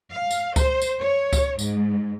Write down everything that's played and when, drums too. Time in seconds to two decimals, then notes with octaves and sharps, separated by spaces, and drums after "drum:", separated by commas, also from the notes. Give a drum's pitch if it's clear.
0.12 F5
0.31 drum: tambourine
0.56 C5, drum: kick C#2, tambourine
0.82 drum: tambourine
1.00 C#5
1.33 drum: kick C#2, tambourine
1.59 G#2, drum: tambourine